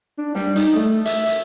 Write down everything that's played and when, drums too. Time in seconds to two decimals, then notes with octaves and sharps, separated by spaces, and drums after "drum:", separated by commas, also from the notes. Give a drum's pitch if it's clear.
0.18 D4
0.35 G3, drum: snare
0.56 D#4, drum: hi-hat
0.75 A3
1.05 E5, drum: hi-hat
1.26 drum: hi-hat